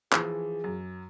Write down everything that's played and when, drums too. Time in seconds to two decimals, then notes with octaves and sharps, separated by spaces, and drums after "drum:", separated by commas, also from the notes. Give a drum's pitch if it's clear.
0.12 E3 F3 G#4, drum: clap
0.64 F#2